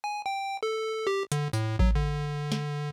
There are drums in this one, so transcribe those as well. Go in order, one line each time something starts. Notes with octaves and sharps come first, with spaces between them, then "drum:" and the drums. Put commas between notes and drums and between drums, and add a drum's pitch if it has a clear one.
G#5
G5
A4
G4
D3, drum: hi-hat
A2, drum: tambourine
F#3, drum: kick A1
D3
drum: snare